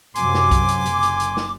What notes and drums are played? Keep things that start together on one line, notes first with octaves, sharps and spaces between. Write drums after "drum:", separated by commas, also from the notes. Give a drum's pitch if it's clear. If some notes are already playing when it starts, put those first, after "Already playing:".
F#2 C3 F#3 G#5 C6 D6, drum: hi-hat
drum: snare
drum: kick B1, hi-hat
drum: hi-hat
F#1, drum: hi-hat
drum: hi-hat
drum: hi-hat
drum: snare